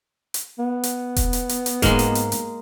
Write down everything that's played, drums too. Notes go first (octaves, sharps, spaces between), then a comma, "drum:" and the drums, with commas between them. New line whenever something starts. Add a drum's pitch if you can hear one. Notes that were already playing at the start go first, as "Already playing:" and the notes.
drum: hi-hat
B3
drum: hi-hat
drum: kick E1, hi-hat
drum: hi-hat
drum: hi-hat
drum: hi-hat
G#2 G#3 A#3, drum: kick E1, hi-hat
drum: hi-hat
drum: hi-hat
drum: hi-hat